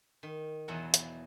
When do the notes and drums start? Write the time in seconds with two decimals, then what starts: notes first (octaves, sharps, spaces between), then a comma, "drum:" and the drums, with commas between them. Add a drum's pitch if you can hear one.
0.23 D#3
0.68 E2 B2 F#3 F#5
0.94 drum: hi-hat